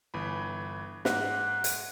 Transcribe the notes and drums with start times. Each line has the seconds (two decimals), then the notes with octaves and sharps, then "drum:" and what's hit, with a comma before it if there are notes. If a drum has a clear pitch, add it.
0.14 G1 E3 B5
1.05 G#2 F#5, drum: snare
1.64 drum: hi-hat